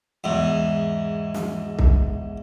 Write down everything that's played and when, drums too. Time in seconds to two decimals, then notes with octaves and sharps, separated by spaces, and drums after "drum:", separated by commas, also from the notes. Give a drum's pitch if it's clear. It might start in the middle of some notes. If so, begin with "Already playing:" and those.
0.24 E2 G#2
1.34 drum: snare
1.79 drum: kick C2